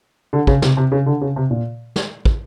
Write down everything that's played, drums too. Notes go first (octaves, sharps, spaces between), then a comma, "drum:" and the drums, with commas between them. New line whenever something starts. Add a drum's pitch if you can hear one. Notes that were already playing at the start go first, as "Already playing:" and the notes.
D3
C#3, drum: kick
C3, drum: snare
C3
C#3
D3
C#3
C3
A#2
drum: snare
drum: kick